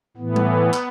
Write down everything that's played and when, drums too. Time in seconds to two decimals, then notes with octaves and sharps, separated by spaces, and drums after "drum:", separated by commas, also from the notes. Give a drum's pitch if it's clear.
0.17 A2 E3 B3
0.36 drum: tom G3
0.74 drum: clap